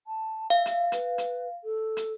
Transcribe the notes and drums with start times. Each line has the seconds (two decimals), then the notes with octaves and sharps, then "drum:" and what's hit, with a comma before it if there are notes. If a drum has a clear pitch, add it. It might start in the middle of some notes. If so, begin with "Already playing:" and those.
0.06 A5
0.50 E5 F5
0.66 drum: hi-hat
0.92 B4, drum: hi-hat
1.18 drum: hi-hat
1.63 A4
1.97 drum: hi-hat